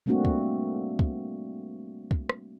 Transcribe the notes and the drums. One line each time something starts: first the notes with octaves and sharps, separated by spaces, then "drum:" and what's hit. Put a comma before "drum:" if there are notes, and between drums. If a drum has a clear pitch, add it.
G3 A3 A#3 C4 D4 F#4
drum: kick
drum: kick
drum: kick
drum: rim click